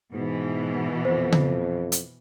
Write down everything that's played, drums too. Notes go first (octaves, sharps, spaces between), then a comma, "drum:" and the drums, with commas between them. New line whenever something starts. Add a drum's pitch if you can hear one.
G#2 B2 E3
F2 C5
drum: tom C#3
drum: hi-hat